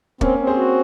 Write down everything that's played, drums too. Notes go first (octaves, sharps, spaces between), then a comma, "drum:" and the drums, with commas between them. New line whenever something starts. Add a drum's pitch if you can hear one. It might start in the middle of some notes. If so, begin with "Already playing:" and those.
A#3 C4 C#4, drum: kick
C4
G#4 C5
F#4